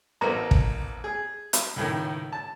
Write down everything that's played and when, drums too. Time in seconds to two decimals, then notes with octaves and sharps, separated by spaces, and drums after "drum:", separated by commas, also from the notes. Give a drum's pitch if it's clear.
0.21 A1 A#3 B3 A4 C5 A#5
0.51 drum: kick
1.04 G#4
1.53 drum: hi-hat
1.76 C#2 A2 D#3
2.32 A5